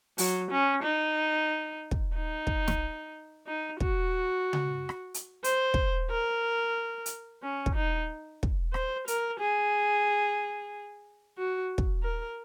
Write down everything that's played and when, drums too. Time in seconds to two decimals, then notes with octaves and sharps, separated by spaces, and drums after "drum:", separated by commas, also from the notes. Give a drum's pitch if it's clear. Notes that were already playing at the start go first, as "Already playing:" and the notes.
0.18 F#3, drum: open hi-hat
0.52 C#4
0.83 D#4
1.91 drum: kick
2.16 D#4
2.47 drum: kick
2.68 drum: snare
3.47 D#4
3.80 F#4, drum: kick
4.53 drum: tom C#3
4.89 drum: rim click
5.14 drum: hi-hat
5.44 C5, drum: hi-hat
5.74 drum: kick
6.11 A#4
7.06 drum: hi-hat
7.42 C#4
7.66 drum: kick
7.75 D#4
8.43 drum: kick
8.74 C5, drum: rim click
9.08 A#4, drum: hi-hat
9.39 G#4
11.38 F#4
11.78 drum: kick
12.03 A#4